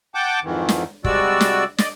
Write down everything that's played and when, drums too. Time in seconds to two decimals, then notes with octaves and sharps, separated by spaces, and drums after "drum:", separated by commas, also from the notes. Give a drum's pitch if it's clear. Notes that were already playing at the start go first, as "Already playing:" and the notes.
0.15 F#5 G5 A5 D6
0.44 F2 G#2 D#3 E3
0.69 drum: snare
1.04 C3 G3 G#3 F#4 D5 E6, drum: kick
1.41 drum: snare
1.78 D5 D#5, drum: snare